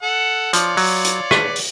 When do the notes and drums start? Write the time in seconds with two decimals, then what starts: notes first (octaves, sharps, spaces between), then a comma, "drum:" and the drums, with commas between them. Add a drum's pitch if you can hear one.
0.03 A4 F#5
0.53 F3 F4 C#5 D5, drum: hi-hat
0.77 F#3, drum: open hi-hat
1.05 drum: hi-hat
1.31 B4, drum: rim click
1.56 drum: open hi-hat